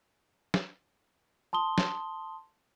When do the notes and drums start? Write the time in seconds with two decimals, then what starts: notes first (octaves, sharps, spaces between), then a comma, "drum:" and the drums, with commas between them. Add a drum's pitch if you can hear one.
0.54 drum: snare
1.53 A5 C6 D#6 G7
1.78 drum: snare